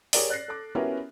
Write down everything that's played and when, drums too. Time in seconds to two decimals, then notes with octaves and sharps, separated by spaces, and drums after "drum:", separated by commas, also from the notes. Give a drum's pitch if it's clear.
0.13 G4 G#4 A#4 C#5 D5, drum: open hi-hat
0.29 D5 F#6 A6 A#6 C7
0.48 A4 D6
0.75 B3 C#4 E4 F#4 G4 A#4